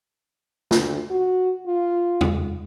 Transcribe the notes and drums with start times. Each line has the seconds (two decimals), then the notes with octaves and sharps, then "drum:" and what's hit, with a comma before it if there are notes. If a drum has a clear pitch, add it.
0.71 D2, drum: snare
1.11 F#4
1.67 F4
2.21 drum: tom